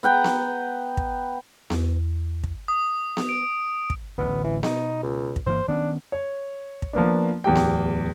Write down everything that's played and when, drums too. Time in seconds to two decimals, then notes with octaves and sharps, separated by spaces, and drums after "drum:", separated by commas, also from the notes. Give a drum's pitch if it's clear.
0.03 B3 F#5 G5 A#5
0.24 drum: snare B3
0.97 drum: kick
1.70 E2, drum: snare B3
2.44 drum: kick
2.68 D#6
3.17 drum: snare B3
3.29 D7
3.90 drum: kick
4.18 D1 A1 D2 B3
4.44 E3
4.63 B2 D#4, drum: snare B3
5.03 C#2
5.36 drum: kick
5.46 G2 E3 A#3 C5
5.68 D#3 B3 C#4 D4
6.12 C#5
6.82 drum: kick
6.93 F3 A#3 B3 D4
7.44 D1 E2 G4 G5
7.55 drum: snare B3